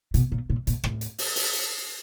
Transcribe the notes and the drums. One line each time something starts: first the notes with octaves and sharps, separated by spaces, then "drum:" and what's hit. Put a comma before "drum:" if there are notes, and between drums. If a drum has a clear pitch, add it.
B2, drum: hi-hat
A#2
A#2
A#2, drum: hi-hat
A2, drum: rim click
drum: hi-hat
drum: open hi-hat
drum: open hi-hat
drum: hi-hat